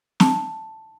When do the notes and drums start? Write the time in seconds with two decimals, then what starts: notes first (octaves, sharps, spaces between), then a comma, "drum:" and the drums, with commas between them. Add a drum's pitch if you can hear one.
0.20 A5, drum: snare